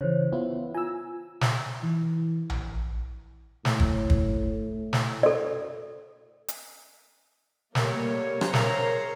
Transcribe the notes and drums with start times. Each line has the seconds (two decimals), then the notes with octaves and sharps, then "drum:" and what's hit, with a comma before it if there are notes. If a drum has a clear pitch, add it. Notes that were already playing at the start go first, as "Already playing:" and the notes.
0.01 C#3 E3 C5 C#5
0.33 B3 E4 F4
0.74 F4 G#5 E6
1.41 drum: snare
1.83 E3
2.50 drum: tom A#1
3.65 A2, drum: snare
3.80 drum: kick
4.10 drum: kick
4.93 drum: snare
5.23 A4 D5
6.48 drum: hi-hat
7.75 F#3 G3 A3 A#3 A#4 C#5, drum: snare
8.41 G#4 A#4 C5 C#5 F5 A#5, drum: rim click
8.54 drum: snare